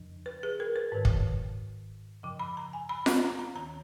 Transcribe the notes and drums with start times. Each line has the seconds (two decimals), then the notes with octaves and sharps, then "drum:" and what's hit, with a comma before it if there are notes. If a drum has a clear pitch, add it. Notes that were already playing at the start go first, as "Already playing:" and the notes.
Already playing: F2 C#3 F3
0.26 B4
0.43 G#4
0.60 A#4
0.76 B4
0.92 G#2 D#3
1.05 drum: kick
2.23 F#2 C#3 F3
2.40 B5
2.57 A#5
2.73 G#5
2.89 B5
3.06 A#5, drum: snare F4
3.23 A#5
3.39 A#5
3.55 D#2 D#3 A#5